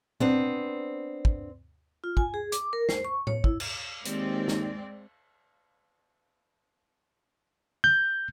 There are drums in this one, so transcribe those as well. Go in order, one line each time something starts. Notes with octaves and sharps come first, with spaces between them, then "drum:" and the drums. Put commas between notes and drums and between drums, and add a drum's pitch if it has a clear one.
B3 C4 D4, drum: tom A#2
drum: kick
F4
G#5, drum: kick
G#4
D6, drum: hi-hat
A#4
C5, drum: snare
C#6
C#5, drum: tom A2
E4, drum: kick
drum: cymbal
D#2 G#3 C4 D5, drum: hi-hat
drum: snare
G6